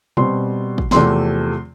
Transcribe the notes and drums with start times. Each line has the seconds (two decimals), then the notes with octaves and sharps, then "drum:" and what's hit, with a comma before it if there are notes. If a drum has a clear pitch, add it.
0.17 B2 G3 C4 C6, drum: tom B2
0.78 drum: kick
0.91 E2 C3 F3 A3 C4 C6, drum: snare